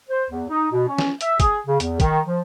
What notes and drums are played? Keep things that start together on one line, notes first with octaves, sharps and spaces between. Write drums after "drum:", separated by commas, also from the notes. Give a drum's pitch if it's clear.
C5
E2
D#4
B2
C#4
drum: snare
E5, drum: hi-hat
G#4, drum: kick, hi-hat
C#3
E2, drum: hi-hat
D#3, drum: kick, hi-hat
F3